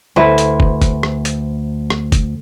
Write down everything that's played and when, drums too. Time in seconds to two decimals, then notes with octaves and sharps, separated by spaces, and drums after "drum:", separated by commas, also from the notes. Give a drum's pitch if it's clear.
0.16 D2 E4 B4 C5
0.38 drum: hi-hat
0.60 drum: kick
0.82 drum: kick, hi-hat
1.03 drum: rim click
1.25 drum: hi-hat
1.90 drum: rim click
2.12 drum: kick, hi-hat